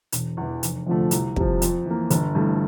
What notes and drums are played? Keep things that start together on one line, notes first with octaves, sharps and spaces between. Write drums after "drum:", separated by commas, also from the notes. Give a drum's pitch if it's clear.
E1, drum: hi-hat
E2 E3
F1, drum: hi-hat
F2 D3 F3 A3
C2, drum: hi-hat
C3 F3, drum: kick
F2, drum: hi-hat
E3 A#3
G1, drum: hi-hat
G2 E3 A3